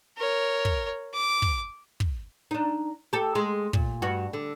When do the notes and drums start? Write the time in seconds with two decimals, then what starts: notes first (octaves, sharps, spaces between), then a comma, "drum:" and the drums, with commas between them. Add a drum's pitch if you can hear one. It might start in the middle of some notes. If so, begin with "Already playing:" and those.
0.17 A#4 C#5
0.65 drum: kick
1.13 D6
1.42 drum: kick
2.00 drum: kick
2.51 D4 D#4
3.13 G4 A4
3.35 G#3
3.73 A#2, drum: kick
4.02 G2 F#4
4.33 D3